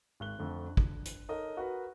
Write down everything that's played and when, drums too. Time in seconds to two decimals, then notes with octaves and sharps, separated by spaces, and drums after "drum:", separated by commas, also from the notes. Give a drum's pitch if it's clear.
0.20 G#1 F#6 G7
0.38 F2 D3 A3 C4
0.67 D4
0.77 drum: kick
1.05 drum: hi-hat
1.29 D#4 A4 A#4 C#5 D#5
1.57 F#4 A#4 B4